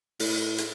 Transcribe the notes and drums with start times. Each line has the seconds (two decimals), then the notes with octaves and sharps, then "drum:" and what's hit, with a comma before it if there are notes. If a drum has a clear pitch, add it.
0.20 A2, drum: open hi-hat
0.58 drum: hi-hat